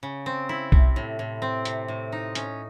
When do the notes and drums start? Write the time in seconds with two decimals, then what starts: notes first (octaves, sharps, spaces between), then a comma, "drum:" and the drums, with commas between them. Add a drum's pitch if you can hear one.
0.03 C#3
0.26 C4
0.49 E4
0.72 C3, drum: kick B1
0.96 A2
1.19 A2
1.42 C4
1.65 C3, drum: hi-hat
1.88 A2
2.12 D#4
2.35 C#4, drum: hi-hat